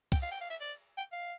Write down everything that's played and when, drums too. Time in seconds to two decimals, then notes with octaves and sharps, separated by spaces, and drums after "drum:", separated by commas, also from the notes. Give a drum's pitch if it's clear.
0.12 G5, drum: kick, cymbal
0.22 F5
0.32 G5
0.41 F5
0.50 E5
0.60 D5
0.98 G5
1.12 F5